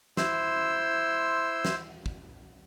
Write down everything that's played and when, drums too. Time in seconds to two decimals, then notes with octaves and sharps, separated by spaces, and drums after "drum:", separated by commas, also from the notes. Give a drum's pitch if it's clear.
0.17 E4 C5 C6 E6, drum: snare
1.65 drum: snare
2.06 drum: kick